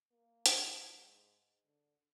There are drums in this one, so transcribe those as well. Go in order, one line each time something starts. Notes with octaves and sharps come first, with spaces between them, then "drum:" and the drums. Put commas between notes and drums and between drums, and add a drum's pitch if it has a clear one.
A#3
drum: hi-hat
G#2
D3